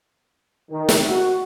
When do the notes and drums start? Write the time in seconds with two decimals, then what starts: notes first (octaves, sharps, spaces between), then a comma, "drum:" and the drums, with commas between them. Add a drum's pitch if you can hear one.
0.70 D#3
0.89 drum: snare
1.08 F#4